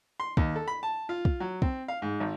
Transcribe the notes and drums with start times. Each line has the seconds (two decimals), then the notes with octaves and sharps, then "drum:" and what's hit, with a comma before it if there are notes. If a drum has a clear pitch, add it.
0.20 C6
0.37 D#2, drum: kick
0.56 A4
0.68 B5
0.83 A5
1.09 F4
1.25 drum: kick
1.40 F#3
1.62 C4, drum: kick
1.88 F5
2.02 G#2
2.20 G#1